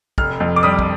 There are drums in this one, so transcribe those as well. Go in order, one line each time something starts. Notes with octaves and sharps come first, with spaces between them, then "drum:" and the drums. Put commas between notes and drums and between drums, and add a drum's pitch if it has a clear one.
F1 F6, drum: kick
F2
D6
G3 D#6
drum: kick